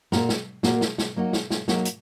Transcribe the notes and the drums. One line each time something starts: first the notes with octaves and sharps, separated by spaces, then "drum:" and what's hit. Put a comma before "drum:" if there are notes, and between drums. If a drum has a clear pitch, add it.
A#2 A#3 F#4 A#4, drum: snare
drum: snare
A#2 A#3 F#4 A#4, drum: snare
drum: snare
drum: snare
F#3 A#3 D#4 F#4
drum: snare
drum: snare
F#3 A#3 D#4 F#4, drum: snare
drum: hi-hat